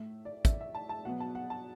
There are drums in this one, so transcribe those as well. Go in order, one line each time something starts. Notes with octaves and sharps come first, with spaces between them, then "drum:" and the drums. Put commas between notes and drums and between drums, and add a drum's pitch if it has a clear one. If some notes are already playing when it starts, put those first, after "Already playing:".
Already playing: A2 A3 E5
D5
A2 A3 E5, drum: kick, hi-hat
E5
A5
A5
B2 F#3 B3 F#5
A5
F#5
A5